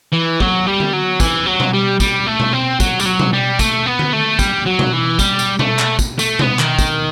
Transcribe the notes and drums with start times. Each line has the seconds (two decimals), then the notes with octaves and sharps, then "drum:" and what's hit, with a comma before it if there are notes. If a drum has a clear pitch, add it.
0.13 E3
0.40 F#3, drum: kick
0.66 G3
0.80 drum: tom D3
0.93 F#3
1.20 E3, drum: kick, tambourine
1.46 F#3
1.60 drum: tom B2
1.74 G3
2.00 G3, drum: kick, tambourine
2.26 A3
2.40 drum: tom B2
2.53 C4
2.80 F#3, drum: kick, tambourine
3.00 G3, drum: tambourine
3.06 F#3
3.19 drum: tom B2
3.33 G3
3.59 A3, drum: kick, tambourine
3.86 B3
3.99 drum: tom D3
4.13 A3
4.39 G3, drum: kick, tambourine
4.66 F#3
4.79 drum: tom B2
4.93 E3
5.19 G3, drum: kick, tambourine
5.39 drum: tambourine
5.59 A3, drum: tom B2
5.79 drum: clap
5.99 drum: kick, tambourine
6.19 A3, drum: tambourine
6.39 B3, drum: tom B2
6.59 D#3, drum: clap
6.79 drum: kick, tambourine